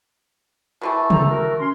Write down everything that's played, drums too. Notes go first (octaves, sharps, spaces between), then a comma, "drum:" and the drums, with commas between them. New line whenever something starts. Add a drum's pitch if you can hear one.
B2 E3 A3
A4 C5 A#5, drum: tom
F#4 A#4
C#4 C6